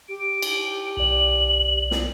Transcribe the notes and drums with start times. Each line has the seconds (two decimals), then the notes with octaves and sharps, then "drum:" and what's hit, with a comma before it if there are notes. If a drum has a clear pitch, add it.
0.09 G4 D7
0.42 drum: cymbal
0.97 B1 D5 F#7
1.91 drum: snare